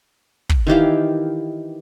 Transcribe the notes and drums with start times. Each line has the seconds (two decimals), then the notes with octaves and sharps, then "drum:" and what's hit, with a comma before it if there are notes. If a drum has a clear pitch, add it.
0.49 drum: kick
0.67 D#3 E3 G4 F5